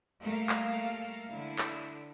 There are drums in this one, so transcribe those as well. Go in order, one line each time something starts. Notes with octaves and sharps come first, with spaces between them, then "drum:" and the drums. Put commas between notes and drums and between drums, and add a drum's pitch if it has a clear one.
G3 A3 A#3 A4 A#4 F5
drum: clap
D3 E4
drum: clap